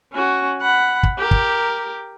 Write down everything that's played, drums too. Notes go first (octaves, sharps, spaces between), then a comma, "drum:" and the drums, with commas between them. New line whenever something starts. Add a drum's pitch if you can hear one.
C#4 F#4
F#5 B5
drum: kick
G4 A#4
drum: kick